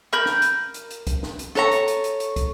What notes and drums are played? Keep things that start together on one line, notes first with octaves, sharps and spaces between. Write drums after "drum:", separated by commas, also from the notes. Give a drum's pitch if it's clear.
A#4 B5 G6
drum: snare
drum: hi-hat
drum: hi-hat
drum: hi-hat
drum: kick, hi-hat
drum: snare
drum: hi-hat
A4 C#5 A#5, drum: snare
drum: hi-hat
drum: hi-hat
drum: hi-hat
drum: hi-hat
drum: kick, hi-hat